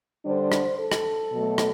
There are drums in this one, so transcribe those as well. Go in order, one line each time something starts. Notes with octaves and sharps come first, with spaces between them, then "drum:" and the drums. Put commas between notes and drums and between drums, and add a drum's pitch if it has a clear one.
D3 G3 D4 C5
drum: rim click
A4
drum: rim click
B2 F#3 A3
drum: rim click